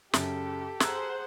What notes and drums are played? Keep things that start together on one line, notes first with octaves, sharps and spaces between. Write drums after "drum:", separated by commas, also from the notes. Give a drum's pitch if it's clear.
F#2 C#3 G4 A4, drum: snare
G#4 C5 F#5 A#5 E6 G#6, drum: snare